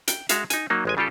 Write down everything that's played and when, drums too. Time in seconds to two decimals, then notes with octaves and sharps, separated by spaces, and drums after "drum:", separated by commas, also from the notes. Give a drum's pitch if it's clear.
0.08 G5, drum: hi-hat
0.29 G#3 F#4 E5 F5, drum: hi-hat
0.50 D#4 G#5, drum: hi-hat
0.70 F#3 A#3 D#4
0.85 A1 G#3 G#5
0.97 C#3 G3 F4 G4 A4